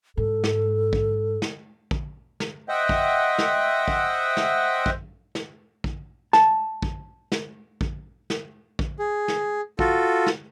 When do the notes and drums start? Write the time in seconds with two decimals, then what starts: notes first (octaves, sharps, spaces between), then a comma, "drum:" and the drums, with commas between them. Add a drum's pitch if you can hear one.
0.17 G#2 A4
0.44 drum: snare
0.93 drum: kick
1.42 drum: snare
1.91 drum: kick
2.40 drum: snare
2.69 C5 D#5 E5 F#5 G5
2.89 drum: kick
3.38 drum: snare
3.88 drum: kick
4.37 drum: snare
4.86 drum: kick
5.35 drum: snare
5.84 drum: kick
6.33 A5, drum: snare
6.82 drum: kick
7.32 drum: snare
7.81 drum: kick
8.30 drum: snare
8.79 drum: kick
8.99 G#4
9.28 drum: snare
9.79 F4 F#4 A4, drum: kick
10.26 drum: snare